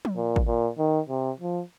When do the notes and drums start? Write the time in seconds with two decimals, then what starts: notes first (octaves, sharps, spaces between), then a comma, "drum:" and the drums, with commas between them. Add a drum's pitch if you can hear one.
0.05 drum: tom F3
0.16 A#2
0.36 drum: kick G#1
0.47 A#2
0.78 D#3
1.09 C3
1.40 F3